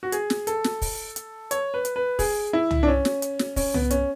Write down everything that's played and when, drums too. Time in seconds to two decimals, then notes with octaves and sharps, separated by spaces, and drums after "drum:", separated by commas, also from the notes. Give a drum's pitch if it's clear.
0.03 F#4
0.12 G#4, drum: hi-hat
0.30 drum: snare
0.47 A4, drum: hi-hat
0.64 drum: snare
0.82 drum: kick, open hi-hat
1.16 drum: hi-hat
1.51 C#5, drum: hi-hat
1.74 B4
1.85 drum: hi-hat
1.96 B4
2.19 G#4, drum: kick, open hi-hat
2.53 E4
2.71 drum: tom
2.83 D4
2.87 C#4
3.05 drum: snare
3.22 drum: hi-hat
3.39 drum: snare
3.56 C#4, drum: kick, open hi-hat
3.74 B3, drum: tom
3.90 C#4, drum: hi-hat